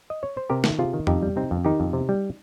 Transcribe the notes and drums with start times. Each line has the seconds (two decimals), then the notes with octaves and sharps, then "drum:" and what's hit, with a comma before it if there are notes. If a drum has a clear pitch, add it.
0.10 D#5
0.23 C#5
0.37 C5
0.50 C3 G4 A#4
0.64 D#3, drum: snare
0.79 C3 F4 G#4
0.94 D#3
1.07 F2 D#4 G4, drum: tom E2
1.23 G3
1.36 C3 C4 D#4
1.51 F2
1.65 D#3 D#4 G4
1.80 F2
1.93 C3
2.09 G3